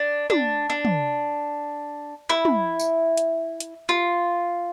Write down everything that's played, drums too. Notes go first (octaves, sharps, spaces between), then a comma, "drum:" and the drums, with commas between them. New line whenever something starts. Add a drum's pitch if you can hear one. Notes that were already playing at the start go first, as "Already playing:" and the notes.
Already playing: D4
D4, drum: tom
D4
drum: tom
E4
drum: tom
drum: tambourine
drum: hi-hat
drum: hi-hat
F4